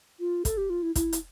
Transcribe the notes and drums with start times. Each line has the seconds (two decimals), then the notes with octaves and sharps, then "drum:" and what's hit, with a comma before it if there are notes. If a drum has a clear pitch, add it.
0.20 F4
0.45 A4, drum: kick, hi-hat
0.57 G4
0.70 F4
0.83 E4
0.95 E4, drum: kick, hi-hat
1.13 drum: hi-hat